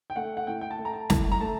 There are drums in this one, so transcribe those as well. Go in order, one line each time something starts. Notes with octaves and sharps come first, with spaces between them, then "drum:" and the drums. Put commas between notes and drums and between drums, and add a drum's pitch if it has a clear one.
G5
A3 F#5
F#5
A2 G5
G5
A5
A3
A#5
A5
A2, drum: snare
A#5
A3 A5